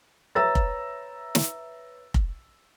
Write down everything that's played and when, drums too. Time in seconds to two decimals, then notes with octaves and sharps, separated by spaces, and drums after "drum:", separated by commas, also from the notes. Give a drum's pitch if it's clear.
0.35 B4 C#5 E5 A#5 E6 A6
0.55 drum: kick F1
1.35 drum: snare
2.14 drum: kick F1